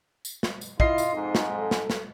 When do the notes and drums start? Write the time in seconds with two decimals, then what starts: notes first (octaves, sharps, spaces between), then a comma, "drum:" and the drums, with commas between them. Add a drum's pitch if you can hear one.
0.25 drum: tambourine
0.43 drum: snare
0.61 drum: tambourine
0.80 E4 F4 D#5 C7, drum: kick
0.98 drum: tambourine
1.13 F2 G#2 D#4
1.35 drum: snare
1.57 A4
1.71 drum: snare
1.90 drum: snare